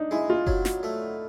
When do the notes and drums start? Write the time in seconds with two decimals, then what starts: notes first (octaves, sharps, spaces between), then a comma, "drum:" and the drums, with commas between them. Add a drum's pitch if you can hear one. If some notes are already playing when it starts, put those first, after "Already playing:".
Already playing: D4 D#4
0.11 G#3 E4
0.30 F4
0.47 F#3, drum: kick F#1
0.65 drum: snare
0.83 A3